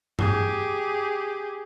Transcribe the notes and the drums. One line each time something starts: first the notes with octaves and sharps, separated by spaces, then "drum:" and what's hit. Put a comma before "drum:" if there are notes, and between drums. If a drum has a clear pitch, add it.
G4 G#4, drum: tom G2